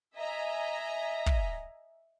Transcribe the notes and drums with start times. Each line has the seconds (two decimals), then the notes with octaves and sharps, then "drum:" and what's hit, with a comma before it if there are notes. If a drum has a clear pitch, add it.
0.16 D#5 E5 G#5 A#5
1.26 drum: kick